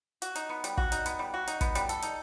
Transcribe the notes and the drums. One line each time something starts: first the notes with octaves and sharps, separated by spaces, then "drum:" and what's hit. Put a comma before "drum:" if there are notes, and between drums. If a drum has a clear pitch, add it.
F#4, drum: hi-hat
D#4, drum: hi-hat
B3
G3, drum: hi-hat
F#4, drum: kick
D#4, drum: hi-hat
B3, drum: hi-hat
G3
F#4
D#4, drum: hi-hat
B3, drum: kick, hi-hat
G3, drum: hi-hat
A4, drum: hi-hat
D#4, drum: hi-hat